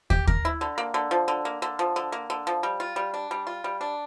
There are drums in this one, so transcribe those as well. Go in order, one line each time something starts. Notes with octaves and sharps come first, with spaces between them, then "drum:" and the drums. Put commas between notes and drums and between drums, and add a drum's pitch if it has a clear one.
G4, drum: kick
A#4, drum: kick
E4
D3
A#3
D3
F3
D3
A#3
D3
F3
D3
A#3
D3
F3
G3
F4
G3
D4
G3
F4
G3
D4